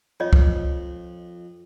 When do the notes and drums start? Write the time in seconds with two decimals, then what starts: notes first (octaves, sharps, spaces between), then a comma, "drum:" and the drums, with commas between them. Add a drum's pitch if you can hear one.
0.20 F2 F4 C#5 D#5
0.33 drum: kick